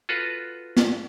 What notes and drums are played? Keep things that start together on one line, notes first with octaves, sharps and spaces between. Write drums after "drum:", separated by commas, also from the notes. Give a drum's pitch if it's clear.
F4 F#4 A4 B4
drum: snare